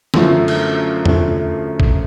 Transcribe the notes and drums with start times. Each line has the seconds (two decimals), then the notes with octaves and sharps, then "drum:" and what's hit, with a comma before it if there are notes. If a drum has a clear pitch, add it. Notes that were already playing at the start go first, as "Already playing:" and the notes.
0.14 F#2 D3 F3 A3, drum: snare
0.48 drum: cymbal
1.06 F#2 D3 F3 A3, drum: tom E2
1.80 drum: kick A1